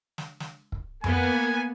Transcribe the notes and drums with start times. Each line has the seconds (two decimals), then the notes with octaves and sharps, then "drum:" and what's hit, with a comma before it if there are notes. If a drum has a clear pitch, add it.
0.18 drum: snare
0.40 drum: snare
0.72 drum: kick
1.04 A#3 B3 G#5, drum: tom F2